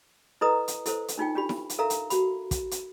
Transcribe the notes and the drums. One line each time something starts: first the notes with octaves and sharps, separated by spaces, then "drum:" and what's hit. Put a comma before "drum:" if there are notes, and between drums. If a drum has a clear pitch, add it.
E4 A4 B4 D#5 A#5 D#6
drum: hi-hat
E4 A4 C5, drum: hi-hat
drum: hi-hat
D4 D#4 F4 G5
D4 F4 G4 B5
drum: snare E4
drum: hi-hat
A4 A#4 E5 F5 A#5
drum: hi-hat
F#4 B5, drum: hi-hat
drum: kick, hi-hat
drum: hi-hat